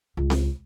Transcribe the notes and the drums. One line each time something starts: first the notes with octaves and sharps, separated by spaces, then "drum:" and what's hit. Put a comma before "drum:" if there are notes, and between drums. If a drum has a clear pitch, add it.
C#2
drum: snare C4